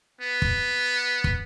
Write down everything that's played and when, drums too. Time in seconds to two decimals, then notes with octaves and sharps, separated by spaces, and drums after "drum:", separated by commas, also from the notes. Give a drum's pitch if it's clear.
0.21 B3
0.42 drum: kick
1.24 drum: kick